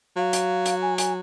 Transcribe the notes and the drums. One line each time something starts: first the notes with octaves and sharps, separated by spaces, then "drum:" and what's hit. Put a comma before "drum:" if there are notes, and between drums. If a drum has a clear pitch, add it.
F#3 F5
drum: hi-hat
drum: hi-hat
G#5
G#5, drum: hi-hat